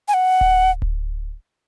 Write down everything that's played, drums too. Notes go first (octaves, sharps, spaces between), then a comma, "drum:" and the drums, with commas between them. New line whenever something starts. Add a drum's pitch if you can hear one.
G#5
F#5
drum: kick D1
drum: kick D1